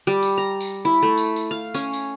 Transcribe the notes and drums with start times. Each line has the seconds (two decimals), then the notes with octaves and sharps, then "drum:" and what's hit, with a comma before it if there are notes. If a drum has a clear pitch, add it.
0.07 G3
0.23 drum: tambourine
0.38 A#5
0.61 drum: tambourine
0.85 E4
1.02 A3
1.17 drum: tambourine
1.36 drum: tambourine
1.51 F5
1.74 C#4, drum: tambourine
1.93 drum: tambourine